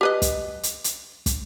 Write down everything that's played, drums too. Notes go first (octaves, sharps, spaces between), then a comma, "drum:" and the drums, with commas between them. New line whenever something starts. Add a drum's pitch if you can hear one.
G4 B4 D#5
drum: kick, hi-hat
drum: hi-hat
drum: hi-hat
drum: kick, hi-hat